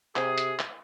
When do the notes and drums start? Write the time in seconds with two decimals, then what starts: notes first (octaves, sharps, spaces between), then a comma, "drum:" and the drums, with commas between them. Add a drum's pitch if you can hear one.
0.16 C3 G#4, drum: clap
0.38 drum: hi-hat
0.59 drum: clap